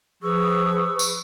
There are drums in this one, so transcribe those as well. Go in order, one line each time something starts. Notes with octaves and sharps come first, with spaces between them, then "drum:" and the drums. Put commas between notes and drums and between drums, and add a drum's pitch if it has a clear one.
F3 G#4 B4 C#6 E6
drum: tambourine